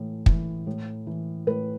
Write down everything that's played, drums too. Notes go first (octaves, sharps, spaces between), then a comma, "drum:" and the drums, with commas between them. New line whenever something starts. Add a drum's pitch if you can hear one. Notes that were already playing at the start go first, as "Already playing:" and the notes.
Already playing: A2 E3
E3, drum: kick
A2
E3
A2 B4